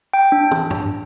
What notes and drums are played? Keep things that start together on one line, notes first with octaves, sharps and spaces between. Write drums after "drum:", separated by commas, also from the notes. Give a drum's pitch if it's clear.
G5
D4
drum: tom
drum: tom G2